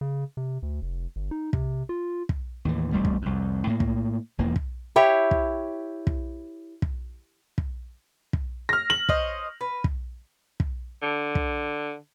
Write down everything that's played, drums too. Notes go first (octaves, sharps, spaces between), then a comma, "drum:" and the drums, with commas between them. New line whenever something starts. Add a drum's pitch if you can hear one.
C#3
C3
D2
F1
G1
D#4
C3, drum: kick
F4
drum: kick
D#2 A2 E3
E1 C2 G3 A3
drum: kick
C2 F2
A2 A#3
drum: kick
E1 E2 E3 A#3
drum: kick
E4 G4 C#5
drum: kick
drum: kick
drum: kick
drum: kick
drum: kick
F6 A#6
F#7
C5 C#5 D#5, drum: kick
B4
drum: kick
drum: kick
D3
drum: kick